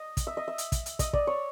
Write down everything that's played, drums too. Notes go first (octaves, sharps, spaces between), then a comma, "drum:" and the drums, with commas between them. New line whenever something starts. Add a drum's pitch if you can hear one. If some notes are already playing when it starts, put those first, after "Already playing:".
Already playing: D#5
drum: kick, hi-hat
E5
D#5
E5
drum: hi-hat
drum: kick, hi-hat
drum: hi-hat
D#5, drum: kick, hi-hat
D5, drum: kick
C#5